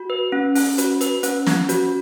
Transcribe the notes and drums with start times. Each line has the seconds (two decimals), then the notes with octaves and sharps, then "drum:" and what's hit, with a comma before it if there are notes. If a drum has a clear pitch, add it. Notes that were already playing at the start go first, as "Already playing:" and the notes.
Already playing: F#4
0.10 B4
0.32 C#4
0.55 C#4, drum: open hi-hat
0.78 F#4, drum: hi-hat
1.01 B4, drum: hi-hat
1.23 C#4, drum: hi-hat
1.46 C#4, drum: snare
1.69 F#4, drum: hi-hat